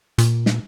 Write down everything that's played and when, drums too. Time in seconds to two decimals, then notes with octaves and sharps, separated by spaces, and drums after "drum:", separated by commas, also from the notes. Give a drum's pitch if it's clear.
0.18 A#2, drum: hi-hat
0.46 drum: snare